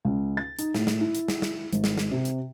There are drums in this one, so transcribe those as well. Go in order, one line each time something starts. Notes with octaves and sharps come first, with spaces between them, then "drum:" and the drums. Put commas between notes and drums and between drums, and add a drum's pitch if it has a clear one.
C#2
A6
D#4, drum: hi-hat
A2, drum: snare
drum: snare
E4
drum: hi-hat
drum: snare
drum: snare
G#1, drum: hi-hat
drum: snare
drum: snare
C3
drum: hi-hat